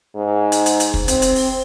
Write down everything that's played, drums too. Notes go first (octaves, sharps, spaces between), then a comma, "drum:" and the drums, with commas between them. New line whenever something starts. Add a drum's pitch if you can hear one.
G#2
drum: hi-hat
drum: hi-hat
drum: hi-hat
drum: kick
C4, drum: hi-hat
drum: hi-hat
drum: open hi-hat